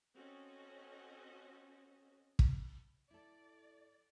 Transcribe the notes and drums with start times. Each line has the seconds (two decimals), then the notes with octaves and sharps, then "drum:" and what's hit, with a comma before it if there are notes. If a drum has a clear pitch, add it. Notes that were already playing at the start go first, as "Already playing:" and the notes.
0.16 C4 C#4 F#4 A4 D#5
2.39 drum: kick
3.11 E4 A4 D5